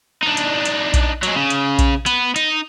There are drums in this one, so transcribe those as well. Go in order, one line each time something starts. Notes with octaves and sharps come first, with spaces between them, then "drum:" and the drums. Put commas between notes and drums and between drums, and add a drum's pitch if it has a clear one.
D4 D#4
drum: hi-hat
drum: hi-hat
drum: kick A#1, hi-hat
F#3 G#3, drum: hi-hat
C#3
drum: hi-hat
drum: kick A#1, hi-hat
B3, drum: hi-hat
D#4, drum: hi-hat